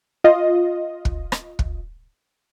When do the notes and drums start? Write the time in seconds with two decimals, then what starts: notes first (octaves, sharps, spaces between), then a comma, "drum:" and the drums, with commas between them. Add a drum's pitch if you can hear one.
0.24 F4 D#5
1.05 drum: kick
1.32 drum: rim click
1.59 drum: kick